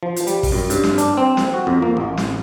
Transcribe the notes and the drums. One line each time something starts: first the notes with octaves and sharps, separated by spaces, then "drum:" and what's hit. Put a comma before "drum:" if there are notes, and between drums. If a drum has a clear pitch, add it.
F3
drum: hi-hat
G3, drum: hi-hat
drum: kick, open hi-hat
F#2
G2, drum: hi-hat
drum: snare
D4, drum: hi-hat
C4
drum: snare
F#4
F2
A#3
A1
drum: snare